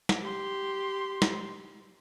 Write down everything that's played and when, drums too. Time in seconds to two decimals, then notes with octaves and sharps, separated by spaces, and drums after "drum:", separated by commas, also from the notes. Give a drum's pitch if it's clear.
0.09 drum: snare
0.22 G4 C6
1.22 drum: snare